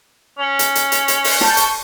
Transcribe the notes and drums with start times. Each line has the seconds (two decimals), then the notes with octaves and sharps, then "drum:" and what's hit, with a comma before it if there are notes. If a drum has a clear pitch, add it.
0.39 C#4
0.59 drum: hi-hat
0.75 drum: hi-hat
0.92 drum: hi-hat
1.08 drum: hi-hat
1.24 drum: open hi-hat
1.41 A5 C#6 G6, drum: snare
1.57 drum: hi-hat